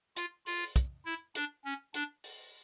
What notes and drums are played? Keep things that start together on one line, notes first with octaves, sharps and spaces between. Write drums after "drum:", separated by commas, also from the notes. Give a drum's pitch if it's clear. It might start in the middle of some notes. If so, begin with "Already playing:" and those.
F4, drum: hi-hat
F4, drum: open hi-hat
drum: kick, hi-hat
E4
D4, drum: hi-hat
C#4
D4, drum: hi-hat
drum: open hi-hat